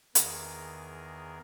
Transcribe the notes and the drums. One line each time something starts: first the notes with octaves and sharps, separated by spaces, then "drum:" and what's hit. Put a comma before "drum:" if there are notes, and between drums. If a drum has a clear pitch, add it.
E2 D#3 G#4 A#4, drum: hi-hat